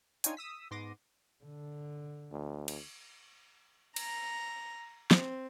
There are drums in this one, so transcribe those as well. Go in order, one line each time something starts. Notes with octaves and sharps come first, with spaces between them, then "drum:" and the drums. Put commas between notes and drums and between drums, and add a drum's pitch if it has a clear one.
D4 D#4 F4 C#5 G5 G#5, drum: hi-hat
D#6 E6 B6
G#2 B3 C6 D6 A#6 D#7
D3
D2
drum: cymbal
A#5, drum: cymbal
C4, drum: snare